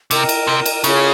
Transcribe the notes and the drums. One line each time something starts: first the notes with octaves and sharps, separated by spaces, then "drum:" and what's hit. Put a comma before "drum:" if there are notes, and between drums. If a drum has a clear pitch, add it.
C3 A#4 D#5 G5 A#5, drum: cymbal
drum: cymbal
C3
drum: cymbal
C#3 C#4 F4 G#4 C#5, drum: cymbal